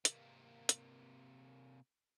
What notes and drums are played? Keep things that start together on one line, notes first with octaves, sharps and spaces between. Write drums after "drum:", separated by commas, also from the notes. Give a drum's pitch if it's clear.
C3 A#3, drum: hi-hat
drum: hi-hat